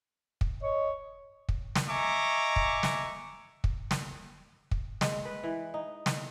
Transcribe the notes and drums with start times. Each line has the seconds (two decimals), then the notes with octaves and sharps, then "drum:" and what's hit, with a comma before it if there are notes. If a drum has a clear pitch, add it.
0.41 drum: kick
0.63 C#5 D#5
1.49 drum: kick
1.76 drum: snare
1.90 D#5 E5 G#5 A#5 C#6 D6
2.56 drum: kick
2.83 drum: snare
3.64 drum: kick
3.91 drum: snare
4.71 drum: kick
5.01 G#3, drum: snare
5.25 B4
5.44 E3
5.74 D#4
6.06 drum: snare